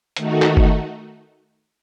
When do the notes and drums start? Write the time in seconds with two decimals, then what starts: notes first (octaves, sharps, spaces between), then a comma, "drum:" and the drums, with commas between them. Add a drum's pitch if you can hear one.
0.17 D#3 A3 D#4 F#4, drum: hi-hat
0.42 drum: clap
0.57 drum: kick F#1